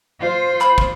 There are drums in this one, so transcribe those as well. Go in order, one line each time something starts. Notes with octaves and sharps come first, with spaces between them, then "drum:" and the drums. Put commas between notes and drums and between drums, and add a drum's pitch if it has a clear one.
F4 C5
B5, drum: clap
drum: kick